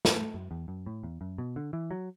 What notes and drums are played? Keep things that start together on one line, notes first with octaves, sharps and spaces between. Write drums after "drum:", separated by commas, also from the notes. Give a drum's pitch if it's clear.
drum: snare
A3
F#2
E2
F#2
A2
E2
F#2
B2
D3
E3
F#3